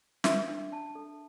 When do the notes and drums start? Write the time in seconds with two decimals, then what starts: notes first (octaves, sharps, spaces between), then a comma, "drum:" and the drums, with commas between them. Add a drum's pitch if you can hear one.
0.24 E5, drum: snare
0.48 D4
0.72 A5
0.95 A4